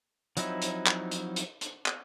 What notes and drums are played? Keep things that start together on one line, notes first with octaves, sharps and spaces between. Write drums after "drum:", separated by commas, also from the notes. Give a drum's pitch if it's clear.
F3 F#3 C4 D#4 E4, drum: hi-hat
drum: hi-hat
drum: clap
drum: hi-hat
drum: hi-hat
drum: hi-hat
drum: clap